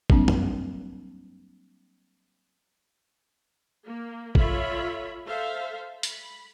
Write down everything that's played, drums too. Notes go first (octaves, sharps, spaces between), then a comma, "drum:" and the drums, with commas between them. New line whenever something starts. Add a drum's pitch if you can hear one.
F#3 G3 A#3 C4 D4, drum: kick
drum: tom F#2
A#3
F4 A4 C#5 E5 B5, drum: kick
A4 C5 E5 F5
B5, drum: hi-hat